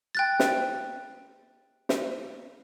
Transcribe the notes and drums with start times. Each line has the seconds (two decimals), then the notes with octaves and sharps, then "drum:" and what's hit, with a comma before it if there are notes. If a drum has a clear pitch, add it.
0.15 G5 F#6 A6
0.40 drum: snare
1.89 drum: snare